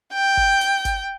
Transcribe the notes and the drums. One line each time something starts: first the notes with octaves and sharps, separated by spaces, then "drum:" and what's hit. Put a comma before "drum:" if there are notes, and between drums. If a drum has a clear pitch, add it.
G5
drum: kick G1
drum: hi-hat
drum: kick G1, hi-hat